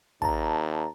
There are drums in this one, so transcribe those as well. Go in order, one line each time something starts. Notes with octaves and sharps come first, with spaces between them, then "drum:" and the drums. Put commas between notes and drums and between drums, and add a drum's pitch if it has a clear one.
D#2 A5 A#5, drum: kick